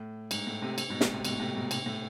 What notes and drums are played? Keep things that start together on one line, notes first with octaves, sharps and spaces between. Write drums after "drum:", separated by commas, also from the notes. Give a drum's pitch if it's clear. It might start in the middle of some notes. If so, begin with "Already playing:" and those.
Already playing: A2
G#2, drum: cymbal
A2
A2 C3
drum: cymbal
G#2 B2
A2, drum: snare
C3
G#2 B2, drum: cymbal
A2 C3
G#2 B2
A2 C3, drum: cymbal
A2